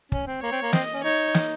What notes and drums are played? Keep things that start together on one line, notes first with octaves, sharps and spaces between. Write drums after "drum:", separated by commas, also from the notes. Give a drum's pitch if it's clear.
C#4, drum: kick
C4
A#3 C#5
C4
A#3
C4 D#5, drum: snare
C#4
D#4 C#5
drum: snare